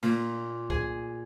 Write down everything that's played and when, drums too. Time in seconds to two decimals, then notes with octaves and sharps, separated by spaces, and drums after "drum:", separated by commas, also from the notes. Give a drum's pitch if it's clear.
0.03 A#2, drum: cymbal
0.70 G#4, drum: kick B1